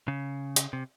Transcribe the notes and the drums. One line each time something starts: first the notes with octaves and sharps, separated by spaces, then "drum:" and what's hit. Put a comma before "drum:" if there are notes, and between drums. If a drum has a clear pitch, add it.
C#3
drum: hi-hat
C3